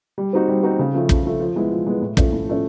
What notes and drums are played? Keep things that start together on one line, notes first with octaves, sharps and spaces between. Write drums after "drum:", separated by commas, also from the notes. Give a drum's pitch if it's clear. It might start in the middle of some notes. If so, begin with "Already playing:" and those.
G3
C4 D#4 F#4
G3
C4 D#4 F#4
C#3
F3 A3
C#3, drum: kick
F3 A3
F3
G#3 B3 E4
F3
G#3 B3 E4
A2
F3 A3 C#4, drum: kick
A2
F3 A3 C#4